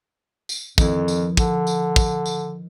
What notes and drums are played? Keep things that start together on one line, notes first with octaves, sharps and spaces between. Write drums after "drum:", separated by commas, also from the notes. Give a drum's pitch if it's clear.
drum: tambourine
F2 D#3 F3 E4, drum: kick, tambourine
drum: tambourine
D3, drum: kick, tambourine
drum: tambourine
drum: kick, tambourine
drum: tambourine